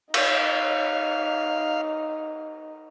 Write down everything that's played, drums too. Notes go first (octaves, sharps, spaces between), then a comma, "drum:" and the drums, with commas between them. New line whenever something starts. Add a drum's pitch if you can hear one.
D#4 F5, drum: cymbal